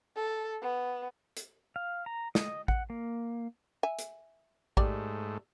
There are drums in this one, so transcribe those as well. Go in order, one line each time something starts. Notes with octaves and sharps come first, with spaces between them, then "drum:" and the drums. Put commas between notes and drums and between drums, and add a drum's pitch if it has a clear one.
A4
B3
drum: hi-hat
F5
A#5
D#5, drum: snare
F#5, drum: kick A1
A#3
E5 G#5
drum: hi-hat
G#2 A3 G4 D5, drum: kick A1